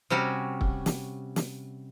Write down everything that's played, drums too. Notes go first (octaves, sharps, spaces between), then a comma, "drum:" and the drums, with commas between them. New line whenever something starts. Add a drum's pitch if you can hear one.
C3 G3 C#4 F#4
drum: kick
drum: snare
drum: snare